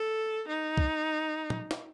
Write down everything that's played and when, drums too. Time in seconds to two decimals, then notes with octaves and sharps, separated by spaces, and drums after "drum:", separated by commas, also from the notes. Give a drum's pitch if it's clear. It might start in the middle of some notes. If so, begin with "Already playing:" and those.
Already playing: A4
0.48 D#4
0.77 drum: kick
1.50 drum: tom
1.71 drum: snare